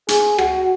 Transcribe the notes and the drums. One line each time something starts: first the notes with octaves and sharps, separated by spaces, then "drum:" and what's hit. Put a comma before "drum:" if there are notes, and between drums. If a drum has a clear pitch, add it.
G#4, drum: hi-hat
F#4, drum: rim click